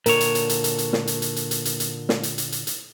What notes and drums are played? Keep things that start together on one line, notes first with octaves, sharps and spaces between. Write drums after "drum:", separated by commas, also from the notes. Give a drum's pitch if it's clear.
A#2 D3 A#4 C#5, drum: hi-hat
drum: hi-hat
drum: hi-hat
drum: hi-hat
drum: hi-hat
drum: hi-hat
drum: snare
drum: hi-hat
drum: hi-hat
drum: hi-hat
drum: hi-hat
drum: hi-hat
drum: hi-hat
drum: snare
drum: hi-hat
drum: hi-hat
drum: hi-hat
drum: hi-hat